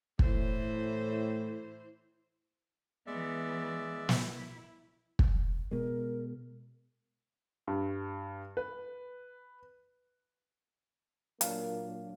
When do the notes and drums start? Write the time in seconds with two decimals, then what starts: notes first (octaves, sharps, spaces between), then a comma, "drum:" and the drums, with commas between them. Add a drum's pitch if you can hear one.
0.19 A2 E3 C5, drum: kick
3.07 E3 G#3 B3 D5 E5
4.09 E4, drum: snare
5.19 drum: kick
5.71 B2 G#3 A#4
7.68 G2
8.57 B4
11.41 A#2 F#3 A#3 D4 F5, drum: hi-hat